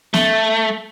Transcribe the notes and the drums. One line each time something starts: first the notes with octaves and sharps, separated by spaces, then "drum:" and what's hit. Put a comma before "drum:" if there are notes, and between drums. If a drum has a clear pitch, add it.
A3, drum: snare B3